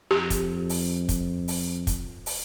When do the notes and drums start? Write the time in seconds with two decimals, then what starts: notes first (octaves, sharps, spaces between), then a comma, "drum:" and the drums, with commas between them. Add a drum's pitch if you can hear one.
0.11 F2 G4
0.30 drum: kick, hi-hat
0.69 drum: open hi-hat
1.09 drum: kick, hi-hat
1.48 drum: open hi-hat
1.87 drum: kick, hi-hat
2.26 drum: open hi-hat